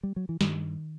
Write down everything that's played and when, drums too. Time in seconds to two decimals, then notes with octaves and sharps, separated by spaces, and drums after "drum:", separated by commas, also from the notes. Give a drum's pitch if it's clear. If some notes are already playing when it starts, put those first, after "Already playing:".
0.03 G3
0.16 F#3
0.29 E3
0.41 G2 D#3, drum: snare